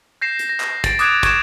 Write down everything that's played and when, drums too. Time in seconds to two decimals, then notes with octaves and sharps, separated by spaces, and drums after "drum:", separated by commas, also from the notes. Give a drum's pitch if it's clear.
0.21 G6 A#6 C7 E7
0.39 drum: hi-hat
0.49 A#6
0.60 drum: clap
0.84 A6 D7, drum: kick, hi-hat
0.99 D6 D#6 F#6 G#6 D7 E7, drum: hi-hat
1.23 C#6 G#6 D7 E7, drum: kick, hi-hat